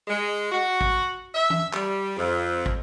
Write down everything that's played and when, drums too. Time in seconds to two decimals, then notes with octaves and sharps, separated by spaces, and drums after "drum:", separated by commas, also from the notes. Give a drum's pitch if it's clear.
0.08 G#3
0.52 F#4
0.81 drum: kick
1.35 E5
1.50 drum: tom E3
1.73 G3, drum: clap
2.16 F2
2.66 drum: kick